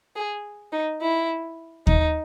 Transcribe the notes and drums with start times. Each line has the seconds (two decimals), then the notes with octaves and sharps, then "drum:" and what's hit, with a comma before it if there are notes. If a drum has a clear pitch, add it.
0.16 G#4
0.73 D#4
1.01 E4
1.87 D#4, drum: kick D#2